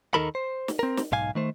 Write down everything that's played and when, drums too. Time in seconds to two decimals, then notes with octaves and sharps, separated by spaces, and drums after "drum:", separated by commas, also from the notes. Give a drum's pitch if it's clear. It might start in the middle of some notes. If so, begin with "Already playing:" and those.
0.14 D#2 D#3 D#4 A4 A#4 B5
0.35 C5
0.68 drum: snare
0.79 C4 A#4
0.97 drum: snare
1.12 B1 G#2 F5 G#5
1.35 D#3 A3 C5